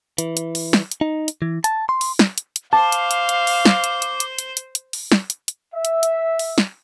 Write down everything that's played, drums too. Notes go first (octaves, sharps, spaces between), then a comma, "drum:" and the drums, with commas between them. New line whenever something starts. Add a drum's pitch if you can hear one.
E3, drum: hi-hat
drum: hi-hat
drum: open hi-hat
drum: snare
drum: hi-hat
D#4
drum: hi-hat
E3
A5, drum: hi-hat
C6
drum: open hi-hat
drum: snare
drum: hi-hat
drum: hi-hat
C5 F5 A5 D6
drum: hi-hat
drum: hi-hat
drum: hi-hat
drum: open hi-hat
drum: snare
drum: hi-hat
drum: hi-hat
drum: hi-hat
drum: hi-hat
drum: hi-hat
drum: hi-hat
drum: open hi-hat
drum: snare
drum: hi-hat
drum: hi-hat
E5
drum: hi-hat
drum: hi-hat
drum: open hi-hat
drum: snare